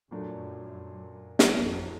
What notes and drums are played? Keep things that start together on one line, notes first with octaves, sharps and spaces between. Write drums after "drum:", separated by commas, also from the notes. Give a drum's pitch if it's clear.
F#2 A#2 F#3 A3 D4
drum: snare
F2 A2 F#3 A3